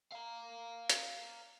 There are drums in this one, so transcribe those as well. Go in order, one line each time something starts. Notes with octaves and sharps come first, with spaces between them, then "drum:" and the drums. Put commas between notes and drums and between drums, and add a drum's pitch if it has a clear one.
F5 A#5
drum: hi-hat